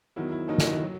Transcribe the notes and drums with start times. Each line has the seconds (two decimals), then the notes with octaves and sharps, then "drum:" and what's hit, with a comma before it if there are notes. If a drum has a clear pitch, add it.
0.16 E2 D#3 F#3 E4
0.32 E4
0.48 D#2 D#3 F#3 D#4
0.58 F#4, drum: snare
0.65 E4
0.83 F#3